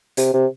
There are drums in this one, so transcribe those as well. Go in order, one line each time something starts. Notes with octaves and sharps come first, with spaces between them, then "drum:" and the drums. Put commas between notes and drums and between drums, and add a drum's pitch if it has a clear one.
C3, drum: hi-hat
C3